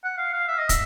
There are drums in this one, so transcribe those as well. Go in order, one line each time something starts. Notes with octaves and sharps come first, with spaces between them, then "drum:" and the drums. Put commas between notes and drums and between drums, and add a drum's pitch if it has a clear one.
F#5
F5
F5
E5
D#5
E5, drum: kick, hi-hat